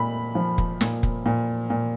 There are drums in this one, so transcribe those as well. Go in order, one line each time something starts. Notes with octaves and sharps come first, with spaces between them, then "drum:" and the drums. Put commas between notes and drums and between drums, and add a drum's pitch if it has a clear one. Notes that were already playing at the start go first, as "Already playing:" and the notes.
Already playing: A#2 B5
F3
drum: kick
A#2, drum: snare
drum: kick
A#2
A#2